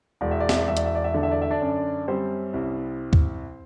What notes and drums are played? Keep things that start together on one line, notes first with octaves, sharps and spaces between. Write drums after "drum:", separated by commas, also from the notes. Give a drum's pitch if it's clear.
E1 D5
E5
D5
E5, drum: snare
D5
E1 E5
D5, drum: hi-hat
E5
D5
E5
D3 D5
E5
D5
E5
D4 D5
F#2
G3 C4 C5
C2
drum: kick D2